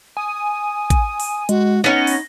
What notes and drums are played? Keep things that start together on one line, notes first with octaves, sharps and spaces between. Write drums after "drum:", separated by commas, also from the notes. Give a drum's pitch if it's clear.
G#5 D#6
drum: kick, hi-hat
drum: open hi-hat
G#3 F#4, drum: hi-hat
B3 C#4 D#4 A#6
drum: open hi-hat